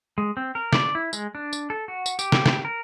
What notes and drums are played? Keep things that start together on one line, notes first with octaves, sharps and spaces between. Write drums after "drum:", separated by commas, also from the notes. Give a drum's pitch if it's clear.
G#3
C4
A#4
D5, drum: snare
E4
G#3, drum: tambourine
D4
drum: tambourine
A4
F#4
drum: tambourine
G4, drum: tambourine
drum: snare
drum: snare
A#4